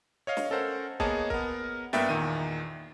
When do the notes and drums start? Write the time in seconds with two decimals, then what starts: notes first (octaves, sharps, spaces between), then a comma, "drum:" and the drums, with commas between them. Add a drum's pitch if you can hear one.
0.27 C#5 D#5 F5
0.37 drum: snare
0.50 C#4 A4 A#4 C5 F#5
1.00 A#3 B3 G#4 C#5 D#5 A5, drum: kick
1.30 B3 A#4, drum: kick
1.93 G2 A#3 B3 E5 G5 A6, drum: snare
2.09 E2 A#2 D#3 D#7